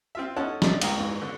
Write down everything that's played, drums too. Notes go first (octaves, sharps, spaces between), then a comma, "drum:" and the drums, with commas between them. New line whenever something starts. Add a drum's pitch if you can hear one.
C4 F4 E5
C#4 D#4 E4 A4 F#5 A5
D4 D#4 D5 E5, drum: snare
C#2 F5 A#5, drum: cymbal
G#2 E3
D3